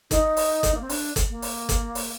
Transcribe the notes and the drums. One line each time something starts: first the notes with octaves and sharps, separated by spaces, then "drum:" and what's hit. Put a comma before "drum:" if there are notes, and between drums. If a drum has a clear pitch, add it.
D#4, drum: kick, hi-hat
drum: open hi-hat
drum: kick, hi-hat
A#3
C4
D4, drum: open hi-hat
drum: kick, hi-hat
A#3
drum: open hi-hat
drum: kick, hi-hat
drum: open hi-hat